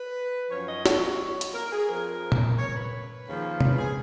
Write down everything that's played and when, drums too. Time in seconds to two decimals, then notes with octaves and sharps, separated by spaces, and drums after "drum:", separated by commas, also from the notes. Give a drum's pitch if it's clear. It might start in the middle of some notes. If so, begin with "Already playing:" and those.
Already playing: B4
0.50 F#2 F3 C#5
0.67 D#5
0.86 C#5, drum: snare
1.41 drum: hi-hat
1.54 A#4
1.72 G#4
1.88 F2 F3 A#4
2.32 drum: tom A#2
2.57 C#5
2.75 B4
3.27 D#2 C#3 F3
3.61 B4, drum: tom C3
3.78 G#4